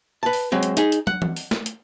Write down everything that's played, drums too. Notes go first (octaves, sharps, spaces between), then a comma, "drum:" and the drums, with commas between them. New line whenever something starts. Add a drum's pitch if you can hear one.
B4 A5
drum: open hi-hat
F#3 G#3 C4
drum: hi-hat
D#4 G#4, drum: hi-hat
drum: hi-hat
F#5, drum: tom
drum: tom E3
drum: open hi-hat
drum: snare
drum: hi-hat